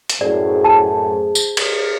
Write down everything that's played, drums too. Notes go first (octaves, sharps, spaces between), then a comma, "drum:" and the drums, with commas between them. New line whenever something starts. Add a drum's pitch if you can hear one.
drum: hi-hat
F#2 A2 G#4 C5 D5
A5
drum: tambourine
drum: cymbal